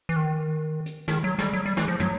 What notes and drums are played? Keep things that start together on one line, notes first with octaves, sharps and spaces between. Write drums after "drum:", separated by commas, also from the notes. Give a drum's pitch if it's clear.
E3
D#3
drum: hi-hat
D#3, drum: snare
F#3
G3, drum: snare
F#3
G3
E3, drum: snare
F3
F#3, drum: tom